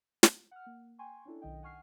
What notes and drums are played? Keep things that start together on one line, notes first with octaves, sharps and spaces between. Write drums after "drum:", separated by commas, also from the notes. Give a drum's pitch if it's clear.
drum: snare
F#5 F6
A#3
G5 G#5 C6 C#6
C#4 D4 E4 A4
B1 D#3 D#5 G5
F#5 G#5 C#6 F6 C7